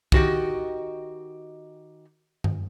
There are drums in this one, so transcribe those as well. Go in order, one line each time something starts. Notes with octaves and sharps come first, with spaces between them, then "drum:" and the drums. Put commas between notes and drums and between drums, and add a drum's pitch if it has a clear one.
D#3 F#4 G4 D#5, drum: kick
drum: tom G2